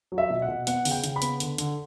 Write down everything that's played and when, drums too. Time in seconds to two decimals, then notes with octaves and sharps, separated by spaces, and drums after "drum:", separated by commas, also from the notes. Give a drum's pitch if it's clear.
0.12 F#3
0.18 E5
0.30 B2
0.42 F#5
0.48 B2
0.67 B3 F#5, drum: hi-hat
0.85 C#3, drum: open hi-hat
0.91 G5
1.04 C#3, drum: hi-hat
1.16 B5
1.22 B3, drum: hi-hat
1.40 D3, drum: hi-hat
1.58 D3, drum: hi-hat